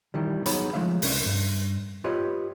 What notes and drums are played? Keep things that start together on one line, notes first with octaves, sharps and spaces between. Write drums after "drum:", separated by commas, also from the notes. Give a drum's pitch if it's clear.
D#3 E3 G3
F#3 B3 D#4 G#4 C#5 B5, drum: hi-hat
F3 G#3 A3 E5 F5
C2 C#4, drum: open hi-hat
G2
F4 G4 B4 C#5 D#5